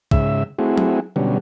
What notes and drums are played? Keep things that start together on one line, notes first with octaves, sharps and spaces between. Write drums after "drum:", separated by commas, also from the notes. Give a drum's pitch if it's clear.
G#2 C#3 E5, drum: kick
A3 C4 E4 F#4 G#4
drum: tom F#3
B2 D3 F#3 G3 C#4